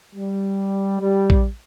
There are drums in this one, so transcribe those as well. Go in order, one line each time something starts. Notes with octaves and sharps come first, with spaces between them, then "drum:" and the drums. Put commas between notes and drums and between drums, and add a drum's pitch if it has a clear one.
G3
G3
drum: kick A#1